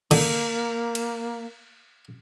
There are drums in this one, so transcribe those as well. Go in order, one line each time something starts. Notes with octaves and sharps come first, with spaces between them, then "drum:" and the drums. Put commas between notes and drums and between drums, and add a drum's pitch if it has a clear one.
D3 A#3, drum: cymbal
drum: cymbal